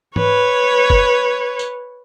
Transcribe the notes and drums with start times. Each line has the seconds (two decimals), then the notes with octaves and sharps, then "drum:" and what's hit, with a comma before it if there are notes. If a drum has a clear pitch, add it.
0.16 B4 C#5, drum: tom G#2
0.90 drum: kick F#1
1.59 drum: tambourine